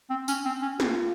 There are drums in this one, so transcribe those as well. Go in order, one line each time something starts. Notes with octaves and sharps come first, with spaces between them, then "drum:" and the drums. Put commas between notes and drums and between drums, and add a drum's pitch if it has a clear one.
C4
C#4, drum: tambourine
C4
C#4
F4, drum: snare